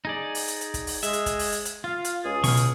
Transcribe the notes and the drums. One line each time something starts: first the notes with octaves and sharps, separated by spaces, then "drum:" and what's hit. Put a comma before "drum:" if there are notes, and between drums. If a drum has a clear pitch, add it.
D#4 G#4 D5
drum: open hi-hat
drum: hi-hat
drum: hi-hat
drum: kick, hi-hat
drum: open hi-hat
G#3 E5, drum: hi-hat
drum: hi-hat
drum: kick, hi-hat
drum: open hi-hat
drum: hi-hat
drum: hi-hat
F4 F5
drum: hi-hat
C#2 G#4
B2 C#6 F6, drum: open hi-hat
drum: hi-hat